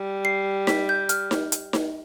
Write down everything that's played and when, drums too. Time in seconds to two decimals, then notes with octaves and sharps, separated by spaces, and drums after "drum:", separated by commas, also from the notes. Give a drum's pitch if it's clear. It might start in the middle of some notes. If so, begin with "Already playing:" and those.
Already playing: G3
0.25 C7
0.67 B6, drum: snare D#4
0.89 G6
1.09 F6, drum: hi-hat
1.31 drum: snare D#4
1.52 drum: hi-hat
1.73 drum: snare D#4